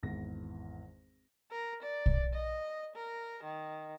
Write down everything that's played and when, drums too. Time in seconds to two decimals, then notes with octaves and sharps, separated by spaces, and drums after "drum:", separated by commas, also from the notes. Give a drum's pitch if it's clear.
0.03 G#1 E2 A#6
1.51 A#4
1.83 D5
2.06 drum: kick
2.33 D#5
2.96 A#4
3.44 D#3